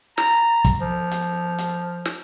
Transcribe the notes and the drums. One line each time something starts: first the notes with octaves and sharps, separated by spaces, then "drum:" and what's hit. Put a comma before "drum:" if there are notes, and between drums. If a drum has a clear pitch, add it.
A#5, drum: snare
drum: kick, hi-hat
F3
drum: hi-hat
drum: hi-hat
drum: snare